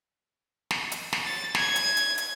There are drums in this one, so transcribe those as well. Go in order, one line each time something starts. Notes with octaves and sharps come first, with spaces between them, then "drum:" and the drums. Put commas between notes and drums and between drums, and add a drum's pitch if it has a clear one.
drum: snare
drum: hi-hat
drum: snare
A6
G#6, drum: snare
drum: hi-hat
drum: hi-hat
drum: hi-hat